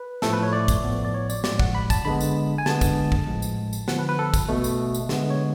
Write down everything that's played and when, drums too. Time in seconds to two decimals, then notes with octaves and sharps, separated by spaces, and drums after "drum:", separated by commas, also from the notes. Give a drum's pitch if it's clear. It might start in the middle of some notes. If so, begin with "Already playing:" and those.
Already playing: B4
0.22 A2 F3 A3 A4, drum: snare
0.33 B4
0.43 C#5
0.53 D5
0.68 drum: kick, tambourine
0.84 A2 F3 B3
1.05 D5
1.14 C#5
1.30 D5, drum: tambourine
1.44 A2 F3 G#3 D5, drum: snare
1.60 F#5, drum: kick
1.75 B5
1.90 A5, drum: kick, tambourine
2.05 D3 G#3 B3 B5
2.21 drum: tambourine
2.58 G#5
2.66 D3 G#3 B3 A5, drum: snare
2.81 drum: kick, tambourine
3.12 drum: kick
3.27 A2 F3 G#3
3.42 drum: tambourine
3.73 drum: tambourine
3.88 D3 F3 B3 F#5, drum: snare
3.99 B4
4.09 B4
4.19 A4
4.34 drum: kick, tambourine
4.48 B2 A3
4.64 drum: tambourine
4.95 drum: tambourine
5.09 D3 G#3 B3, drum: snare
5.30 C#5